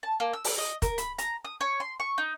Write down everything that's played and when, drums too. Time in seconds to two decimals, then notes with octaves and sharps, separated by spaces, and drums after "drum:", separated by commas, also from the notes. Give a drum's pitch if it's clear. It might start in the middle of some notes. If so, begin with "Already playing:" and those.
0.03 A5
0.20 A#3
0.33 E6
0.44 drum: open hi-hat
0.58 D#5
0.82 A#4, drum: kick, hi-hat
0.98 B5, drum: hi-hat
1.18 A#5, drum: hi-hat
1.45 D#6
1.61 C#5
1.80 C6
2.00 C#6
2.18 D#4